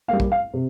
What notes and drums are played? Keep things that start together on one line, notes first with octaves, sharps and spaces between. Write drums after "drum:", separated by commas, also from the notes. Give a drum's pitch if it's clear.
G3 A#3 F5
drum: kick A#1
F5
C3